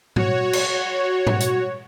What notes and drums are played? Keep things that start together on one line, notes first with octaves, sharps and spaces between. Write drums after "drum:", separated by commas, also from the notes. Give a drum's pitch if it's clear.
F#4 C#5, drum: tom
drum: cymbal
drum: tom G#2
drum: hi-hat